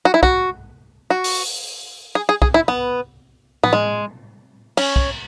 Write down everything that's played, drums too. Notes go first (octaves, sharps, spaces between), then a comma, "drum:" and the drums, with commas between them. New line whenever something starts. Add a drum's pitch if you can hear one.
F#4
E4
F#4, drum: kick
F#4
drum: open hi-hat
G#4
G#4
G#4, drum: kick
E4
B3
B3, drum: tom
G#3
C#4, drum: cymbal
drum: kick